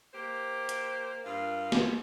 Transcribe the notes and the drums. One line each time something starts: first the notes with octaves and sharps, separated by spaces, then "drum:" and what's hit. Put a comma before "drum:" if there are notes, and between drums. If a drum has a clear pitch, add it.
A#3 G4 C5
drum: hi-hat
G2 F4 A#4 F5
drum: snare